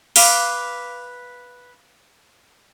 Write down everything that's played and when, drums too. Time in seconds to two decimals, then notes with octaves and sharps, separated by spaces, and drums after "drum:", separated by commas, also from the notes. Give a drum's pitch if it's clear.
0.16 B4 F5 D6, drum: open hi-hat